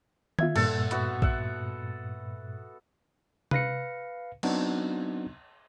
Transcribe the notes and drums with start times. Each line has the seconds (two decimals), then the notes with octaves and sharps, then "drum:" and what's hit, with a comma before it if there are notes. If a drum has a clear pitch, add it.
0.39 F4 E5 G#6, drum: tom D#3
0.56 G2 A#2 A4 E5 F#5, drum: cymbal
0.91 B3 F#4 E5, drum: hi-hat
1.22 E5 F#5, drum: kick A#1
3.51 B4 F5 A#6 C#7, drum: tom C3
4.43 F#3 B3 C4 D4 D#4 F#4, drum: cymbal